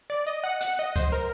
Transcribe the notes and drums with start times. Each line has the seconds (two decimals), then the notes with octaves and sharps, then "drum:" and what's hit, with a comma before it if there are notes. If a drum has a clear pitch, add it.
0.10 D5
0.27 D#5
0.44 F#5
0.61 F#5, drum: hi-hat
0.79 D#5
0.96 C5, drum: kick C#2, hi-hat
1.12 A#4